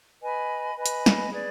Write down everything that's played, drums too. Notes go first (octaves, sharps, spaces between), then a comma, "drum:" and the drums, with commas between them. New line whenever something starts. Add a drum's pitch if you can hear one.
B4 D#5 G#5 B5
B4 D#5 G#5 B5
drum: hi-hat
drum: snare
G#4 B4 D5